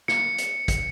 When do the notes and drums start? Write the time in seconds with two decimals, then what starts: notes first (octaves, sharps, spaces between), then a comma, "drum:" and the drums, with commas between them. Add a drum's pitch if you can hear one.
0.08 C#7, drum: snare
0.38 drum: hi-hat
0.68 drum: kick, hi-hat